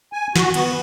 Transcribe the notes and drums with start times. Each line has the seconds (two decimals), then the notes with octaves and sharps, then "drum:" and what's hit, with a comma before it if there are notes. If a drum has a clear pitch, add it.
0.13 G#5
0.36 F#4, drum: snare
0.54 B3, drum: cymbal